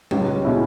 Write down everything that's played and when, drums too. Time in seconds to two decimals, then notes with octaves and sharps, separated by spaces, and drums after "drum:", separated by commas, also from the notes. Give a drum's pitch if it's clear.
0.11 C#2 G4, drum: tom F#3
0.45 B2 G#3 C#4 E4